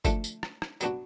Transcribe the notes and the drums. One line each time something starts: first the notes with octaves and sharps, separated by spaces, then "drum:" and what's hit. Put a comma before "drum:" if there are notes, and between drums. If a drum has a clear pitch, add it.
D3 F3 A3 D4, drum: kick, tambourine
drum: tambourine
drum: rim click
drum: rim click
F#3 B3 D4 F#4, drum: tambourine